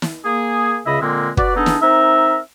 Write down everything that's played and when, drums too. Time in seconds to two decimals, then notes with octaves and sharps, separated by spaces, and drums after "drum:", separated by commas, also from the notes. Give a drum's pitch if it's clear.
0.02 drum: snare
0.24 A#3 G#4
0.86 C#2 C#3 D#5 E5 B5
1.01 A#2 D3 G#3 A#3 C4
1.37 F#4 B4 D5, drum: kick
1.56 B3 D4 D#4 G#4 A4
1.66 drum: snare
1.81 C4 D#4 A#4 E5